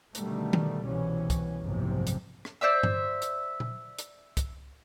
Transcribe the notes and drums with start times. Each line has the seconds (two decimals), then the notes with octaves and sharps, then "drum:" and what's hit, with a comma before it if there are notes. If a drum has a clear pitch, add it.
0.15 B2 D3 D#3 G3 A3, drum: hi-hat
0.53 drum: tom D#3
0.86 C2 B2 E3 C#4
1.30 drum: kick, hi-hat
1.63 F#1 B1 G#2 C3 F3
2.07 drum: hi-hat
2.45 drum: rim click
2.61 C5 D5 E5 E6
2.83 drum: tom G2
3.22 drum: hi-hat
3.60 drum: tom A#2
3.99 drum: hi-hat
4.37 drum: kick, hi-hat